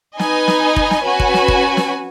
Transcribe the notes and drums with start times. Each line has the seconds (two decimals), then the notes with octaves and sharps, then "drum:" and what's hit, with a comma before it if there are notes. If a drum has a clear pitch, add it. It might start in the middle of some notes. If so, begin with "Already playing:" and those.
0.19 D#4 B4 D#5 G#5, drum: snare
0.48 drum: snare
0.76 drum: kick
0.91 drum: snare
1.05 C#4 F#4 B4 G#5
1.20 drum: kick
1.34 drum: snare
1.48 drum: kick
1.77 drum: snare